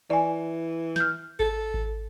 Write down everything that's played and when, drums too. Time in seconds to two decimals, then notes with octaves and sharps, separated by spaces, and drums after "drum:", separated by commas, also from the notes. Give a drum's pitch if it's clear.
0.10 E3 D5 G#5
0.96 F6 G6, drum: snare
1.39 A4, drum: kick G#1
1.74 drum: kick G#1